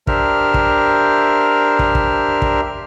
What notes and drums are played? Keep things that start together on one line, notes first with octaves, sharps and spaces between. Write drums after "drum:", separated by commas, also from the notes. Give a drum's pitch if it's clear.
D4 G4 A#4 C5 E5 F6, drum: kick
drum: kick
drum: kick
drum: kick
drum: kick